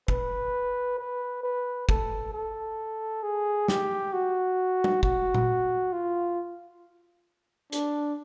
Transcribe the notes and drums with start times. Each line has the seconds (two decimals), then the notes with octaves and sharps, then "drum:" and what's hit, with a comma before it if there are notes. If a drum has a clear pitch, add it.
0.08 B4, drum: kick
0.98 B4
1.43 B4
1.89 A4, drum: kick
2.33 A4
3.23 G#4
3.68 G4, drum: snare
4.13 F#4
4.84 drum: tom
5.03 F#4, drum: kick
5.34 drum: tom
5.93 F4
7.72 D4, drum: hi-hat